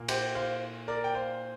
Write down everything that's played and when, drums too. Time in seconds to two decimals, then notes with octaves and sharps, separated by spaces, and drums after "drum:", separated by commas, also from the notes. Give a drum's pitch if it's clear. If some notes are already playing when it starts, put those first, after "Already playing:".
Already playing: A#2 A#3
0.08 G4 C5, drum: cymbal
0.35 C5 F5
0.88 A#4 D5
1.04 G5
1.14 C5 F5